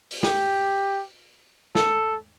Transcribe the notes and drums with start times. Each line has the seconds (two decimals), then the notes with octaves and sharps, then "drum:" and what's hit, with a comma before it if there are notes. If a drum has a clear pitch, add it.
0.11 drum: open hi-hat
0.23 G4, drum: snare
1.75 A4, drum: snare